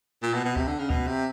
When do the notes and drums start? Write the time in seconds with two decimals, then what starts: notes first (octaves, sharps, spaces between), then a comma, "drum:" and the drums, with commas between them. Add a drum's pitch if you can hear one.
0.22 A#2
0.34 B2
0.44 B2
0.56 C3, drum: kick C#2
0.68 D3
0.79 C#3
0.90 B2, drum: kick C#2
1.07 C3